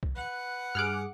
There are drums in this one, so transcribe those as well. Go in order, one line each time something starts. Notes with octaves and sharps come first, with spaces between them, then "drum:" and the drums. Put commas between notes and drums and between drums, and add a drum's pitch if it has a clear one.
drum: kick C2
B4 F#5
G2 G#4 D6 F6 F#6 D7